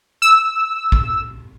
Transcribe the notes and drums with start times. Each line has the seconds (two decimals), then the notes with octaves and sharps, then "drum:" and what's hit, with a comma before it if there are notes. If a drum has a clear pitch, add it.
0.22 E6
0.92 drum: kick A#1